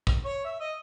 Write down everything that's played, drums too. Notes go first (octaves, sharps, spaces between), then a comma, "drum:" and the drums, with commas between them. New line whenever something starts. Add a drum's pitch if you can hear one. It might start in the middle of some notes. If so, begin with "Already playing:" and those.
drum: kick
C#5
E5
D#5